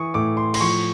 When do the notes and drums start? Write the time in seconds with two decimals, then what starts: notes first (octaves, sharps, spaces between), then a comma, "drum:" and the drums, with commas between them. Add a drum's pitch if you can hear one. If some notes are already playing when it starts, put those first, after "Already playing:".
Already playing: E3 C#6 D#6
0.14 A2 D6
0.37 C6
0.54 C6, drum: cymbal
0.61 F3 C#6